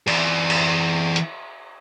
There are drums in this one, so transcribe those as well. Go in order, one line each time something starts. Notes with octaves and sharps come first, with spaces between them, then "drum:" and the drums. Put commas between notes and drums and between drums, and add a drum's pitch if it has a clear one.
E3 D5, drum: cymbal
drum: cymbal
drum: hi-hat